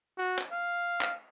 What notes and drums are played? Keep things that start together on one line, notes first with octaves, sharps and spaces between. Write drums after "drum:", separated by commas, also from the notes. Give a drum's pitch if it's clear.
F#4
drum: clap
F5
drum: clap